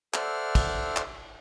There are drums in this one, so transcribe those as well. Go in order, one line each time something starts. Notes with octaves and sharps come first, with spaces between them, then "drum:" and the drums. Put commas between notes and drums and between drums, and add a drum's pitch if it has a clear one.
A4 C5 D5 E5 F#5 F6, drum: clap
drum: kick, cymbal
drum: clap